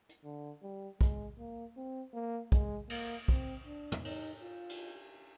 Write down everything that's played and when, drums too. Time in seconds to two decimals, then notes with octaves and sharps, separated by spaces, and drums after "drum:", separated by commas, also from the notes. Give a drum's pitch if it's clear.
0.09 drum: hi-hat
0.24 D3
0.62 G3
1.01 G#3, drum: kick
1.39 A#3
1.77 C4
2.14 A#3
2.52 G#3, drum: kick
2.90 A#3, drum: cymbal
3.28 C4, drum: kick
3.66 D4
3.92 drum: tom
4.05 D#4, drum: cymbal
4.42 F4
4.69 drum: cymbal